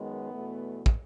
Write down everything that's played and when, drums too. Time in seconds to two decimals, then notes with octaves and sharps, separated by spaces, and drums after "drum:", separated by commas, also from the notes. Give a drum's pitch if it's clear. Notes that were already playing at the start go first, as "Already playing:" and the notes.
Already playing: F#2 D#3 G#3 B3
0.33 E2 B2 A3
0.86 drum: kick